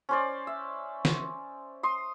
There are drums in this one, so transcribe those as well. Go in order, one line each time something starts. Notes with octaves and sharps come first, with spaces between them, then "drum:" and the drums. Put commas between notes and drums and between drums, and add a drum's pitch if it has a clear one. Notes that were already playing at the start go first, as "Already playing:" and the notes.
C#4 C5 D5
E5
drum: snare
C6 D#6